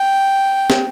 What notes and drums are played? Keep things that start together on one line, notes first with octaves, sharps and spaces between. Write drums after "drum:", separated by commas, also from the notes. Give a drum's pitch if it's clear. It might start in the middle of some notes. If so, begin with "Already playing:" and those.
Already playing: G5
drum: snare